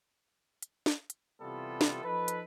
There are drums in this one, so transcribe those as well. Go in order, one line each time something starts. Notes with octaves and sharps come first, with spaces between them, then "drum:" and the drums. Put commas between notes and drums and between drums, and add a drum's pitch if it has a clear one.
drum: hi-hat
drum: snare
drum: hi-hat
C3 E3 G3 B3 F4 A4
drum: snare
F3 D#4 A4 B4
drum: hi-hat